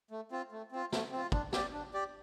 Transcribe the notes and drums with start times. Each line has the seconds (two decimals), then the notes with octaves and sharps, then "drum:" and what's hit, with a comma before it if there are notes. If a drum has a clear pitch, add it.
0.11 A3
0.31 C4 F4
0.52 A3
0.72 C4 F4
0.93 A3, drum: snare
1.12 C4
1.17 F4
1.32 D4, drum: kick
1.53 G4 D5, drum: snare
1.73 D4
1.94 G4 D5